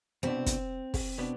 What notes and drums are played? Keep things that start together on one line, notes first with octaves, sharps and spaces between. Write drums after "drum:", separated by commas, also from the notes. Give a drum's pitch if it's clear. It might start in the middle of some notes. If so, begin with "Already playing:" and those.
C2 B2 B3 C4 D4
drum: kick, hi-hat
drum: kick, open hi-hat
B2 B3 D4